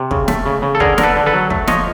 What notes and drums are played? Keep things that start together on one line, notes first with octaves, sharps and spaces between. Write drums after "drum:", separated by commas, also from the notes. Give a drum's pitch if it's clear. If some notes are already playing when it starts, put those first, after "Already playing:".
Already playing: C3
C#3, drum: kick
A3, drum: snare
C#3
C#3
A4
D3 G#4 A#4, drum: kick
D3 A#4, drum: snare
A4 B4
D3
A4 B4
F#3
A3, drum: kick
F3 C#5 D#5, drum: snare